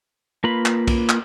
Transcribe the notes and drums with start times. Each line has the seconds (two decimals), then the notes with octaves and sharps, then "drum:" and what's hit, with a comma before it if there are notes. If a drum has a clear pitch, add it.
0.44 A#3 F4 B4 B5
0.66 drum: clap
0.87 drum: kick B1, cymbal
1.09 drum: clap